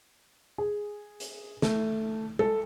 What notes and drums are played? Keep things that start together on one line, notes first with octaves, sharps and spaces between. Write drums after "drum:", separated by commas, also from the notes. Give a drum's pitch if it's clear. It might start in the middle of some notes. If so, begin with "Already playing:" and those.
G#4
drum: hi-hat
A3, drum: snare
A4, drum: tom G#3